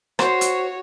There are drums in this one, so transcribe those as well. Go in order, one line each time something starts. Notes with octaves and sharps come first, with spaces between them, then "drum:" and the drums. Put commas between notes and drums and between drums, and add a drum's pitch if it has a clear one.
F#4 C5 C#5, drum: rim click
drum: hi-hat